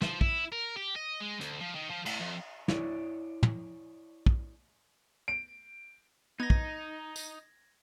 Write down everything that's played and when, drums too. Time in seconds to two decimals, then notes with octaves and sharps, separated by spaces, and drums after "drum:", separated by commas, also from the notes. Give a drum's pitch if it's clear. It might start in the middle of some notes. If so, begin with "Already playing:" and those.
0.02 F3, drum: snare
0.21 E4, drum: kick
0.52 A#4
0.77 G4
0.96 D#5
1.21 G#3
1.41 D2, drum: hi-hat
1.61 F3
1.75 D#3
1.90 F3
2.06 A2, drum: cymbal
2.20 F2
2.68 E4 C#5 D5, drum: snare
3.43 drum: tom
4.26 drum: kick
5.28 D7
6.40 B3 D#4 G#6 A#6
6.50 drum: kick
7.16 drum: tambourine